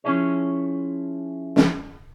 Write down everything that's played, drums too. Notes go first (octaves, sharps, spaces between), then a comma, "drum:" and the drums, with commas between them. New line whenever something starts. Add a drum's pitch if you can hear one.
F3 C#4 E4 G#4 C#5
drum: snare